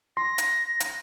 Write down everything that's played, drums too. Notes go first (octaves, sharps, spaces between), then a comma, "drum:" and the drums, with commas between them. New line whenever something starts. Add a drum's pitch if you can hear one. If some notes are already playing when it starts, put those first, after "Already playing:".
C6 A#6
drum: hi-hat
drum: hi-hat